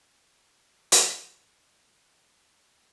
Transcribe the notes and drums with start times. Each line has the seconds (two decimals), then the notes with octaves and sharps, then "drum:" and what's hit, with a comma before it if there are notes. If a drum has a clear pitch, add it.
0.16 C#3 C4 D4
0.92 drum: hi-hat